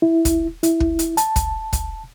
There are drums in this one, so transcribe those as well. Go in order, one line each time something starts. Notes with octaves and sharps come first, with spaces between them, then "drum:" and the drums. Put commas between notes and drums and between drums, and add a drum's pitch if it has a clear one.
E4
drum: kick, hi-hat
E4, drum: hi-hat
drum: kick
drum: hi-hat
A5, drum: hi-hat
drum: kick, hi-hat
drum: kick, hi-hat